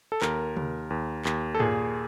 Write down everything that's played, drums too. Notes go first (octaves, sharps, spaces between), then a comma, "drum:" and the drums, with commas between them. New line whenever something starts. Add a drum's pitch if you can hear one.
A4
D#2 A#4, drum: clap
D#2, drum: tom C3
D#2
D#2, drum: clap
A4
A#2 G#4, drum: tom G2